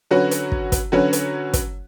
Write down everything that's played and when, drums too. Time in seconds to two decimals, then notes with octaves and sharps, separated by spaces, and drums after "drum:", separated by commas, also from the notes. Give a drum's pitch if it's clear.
0.11 D3 F#3 C#4 F#4 B4
0.31 drum: hi-hat
0.52 drum: kick
0.72 drum: kick, hi-hat
0.92 D3 F#3 C#4 F#4 B4
1.13 drum: hi-hat
1.53 drum: kick, hi-hat